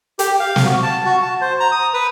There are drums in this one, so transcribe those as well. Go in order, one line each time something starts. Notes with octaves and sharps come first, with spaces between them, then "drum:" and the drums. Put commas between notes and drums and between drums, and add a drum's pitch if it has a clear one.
G4, drum: hi-hat
F5
drum: snare
F#4
A5
F#4
A5
C5
A#5
D#6
B4